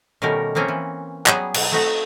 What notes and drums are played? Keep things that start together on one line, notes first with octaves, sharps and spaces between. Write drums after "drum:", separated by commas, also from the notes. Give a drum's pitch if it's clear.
B2 D#3 G3 A3 C#4 A#4
F3 A#3 C4 C#4 E5
E3
F#3 G3 B3 G#4, drum: clap
B2, drum: cymbal
A3 C4 D#4 F#4 E5